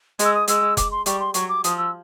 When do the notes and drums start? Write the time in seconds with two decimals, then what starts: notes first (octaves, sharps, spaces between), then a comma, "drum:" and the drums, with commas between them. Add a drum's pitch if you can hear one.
0.19 G#3, drum: hi-hat
0.25 E6
0.34 D#6
0.48 G#3 E6, drum: hi-hat
0.77 D6, drum: kick F1, hi-hat
0.91 C6
1.06 G3 C#6, drum: hi-hat
1.20 C6
1.34 F#3 C#6, drum: hi-hat
1.49 D6
1.64 F3 D#6, drum: hi-hat
1.78 E6